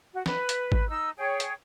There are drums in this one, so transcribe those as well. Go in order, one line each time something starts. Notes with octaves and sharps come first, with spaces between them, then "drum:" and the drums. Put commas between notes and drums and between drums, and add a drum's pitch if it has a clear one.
F#4
B4, drum: snare
drum: hi-hat
drum: kick G#1
D#4 E6
G#4 C#5 G5
drum: hi-hat